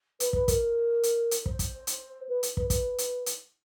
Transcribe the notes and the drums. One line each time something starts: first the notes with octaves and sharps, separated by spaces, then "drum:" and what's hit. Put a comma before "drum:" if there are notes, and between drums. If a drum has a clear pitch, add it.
B4, drum: hi-hat
B4, drum: kick
A#4, drum: kick, hi-hat
drum: hi-hat
drum: hi-hat
C5, drum: kick
drum: kick, hi-hat
drum: hi-hat
B4
drum: hi-hat
B4, drum: kick
B4, drum: kick, hi-hat
drum: hi-hat
drum: hi-hat